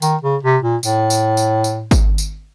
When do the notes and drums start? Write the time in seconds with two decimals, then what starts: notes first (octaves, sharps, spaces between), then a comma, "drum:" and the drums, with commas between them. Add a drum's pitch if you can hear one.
0.02 D#3, drum: tambourine
0.22 C#3
0.43 C3
0.63 A#2
0.83 A2, drum: tambourine
1.10 drum: tambourine
1.37 drum: tambourine
1.64 drum: tambourine
1.91 drum: kick G#1, tambourine
2.18 drum: tambourine